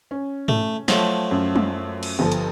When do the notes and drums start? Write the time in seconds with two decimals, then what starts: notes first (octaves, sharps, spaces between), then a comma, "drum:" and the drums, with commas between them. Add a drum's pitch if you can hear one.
0.11 C#4
0.48 A3, drum: tom G#2
0.88 F3 F#3 A3, drum: snare
1.31 F#2
1.56 drum: tom G3
2.03 drum: cymbal
2.19 G1 F3 A4
2.32 drum: hi-hat